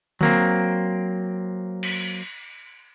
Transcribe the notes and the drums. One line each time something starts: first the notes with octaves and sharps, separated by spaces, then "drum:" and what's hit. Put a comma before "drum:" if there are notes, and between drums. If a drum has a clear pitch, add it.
F#3 A#3 C4, drum: tom D3
drum: cymbal